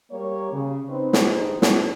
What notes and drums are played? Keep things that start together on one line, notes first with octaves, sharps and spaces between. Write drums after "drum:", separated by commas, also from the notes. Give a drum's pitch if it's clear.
G3 A#3 G4 A#4 C#5
C#3
C4 D#4 B4
drum: snare
G2 E3 D#4 G4 G#4 C5
G3 C4 D4 G4 G#4, drum: snare